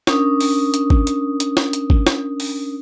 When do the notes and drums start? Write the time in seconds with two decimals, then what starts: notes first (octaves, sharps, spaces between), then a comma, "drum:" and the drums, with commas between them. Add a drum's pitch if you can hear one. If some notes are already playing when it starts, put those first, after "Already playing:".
0.07 C#4 D4 A#4 D#6, drum: snare
0.41 drum: open hi-hat
0.74 drum: hi-hat
0.90 drum: kick
1.07 drum: hi-hat
1.40 drum: hi-hat
1.57 drum: snare
1.73 drum: hi-hat
1.90 drum: kick
2.07 drum: snare
2.40 drum: open hi-hat